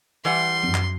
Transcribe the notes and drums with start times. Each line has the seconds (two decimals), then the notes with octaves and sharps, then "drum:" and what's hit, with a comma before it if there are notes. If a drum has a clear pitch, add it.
0.25 E3 G3 F#5 C6
0.63 F#2, drum: tom F3
0.75 drum: clap